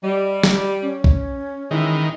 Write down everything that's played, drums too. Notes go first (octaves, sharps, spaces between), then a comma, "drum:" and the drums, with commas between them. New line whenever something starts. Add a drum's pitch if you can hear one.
G3 D#5
drum: snare
C#4
drum: kick
D#3 E3 G#3 E4